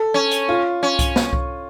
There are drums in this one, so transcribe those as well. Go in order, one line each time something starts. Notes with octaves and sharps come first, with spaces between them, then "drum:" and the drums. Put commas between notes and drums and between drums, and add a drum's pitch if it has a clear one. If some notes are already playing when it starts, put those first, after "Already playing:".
Already playing: A4
C#4
drum: hi-hat
F4
C#4
drum: kick C2, hi-hat
drum: snare
drum: kick C2